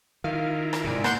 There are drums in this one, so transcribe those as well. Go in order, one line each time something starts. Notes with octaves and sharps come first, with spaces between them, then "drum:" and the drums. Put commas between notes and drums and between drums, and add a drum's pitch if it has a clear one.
D#3 E4 F4 A#4 F5
drum: rim click
G#2 C3 D5 G#5
A#3 F#5 C6 G6, drum: rim click